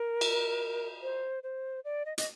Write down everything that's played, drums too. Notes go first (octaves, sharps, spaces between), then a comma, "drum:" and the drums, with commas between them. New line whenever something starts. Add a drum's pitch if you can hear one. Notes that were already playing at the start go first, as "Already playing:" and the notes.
Already playing: A#4
drum: cymbal
C5
C5
D5
D#5
D#5, drum: hi-hat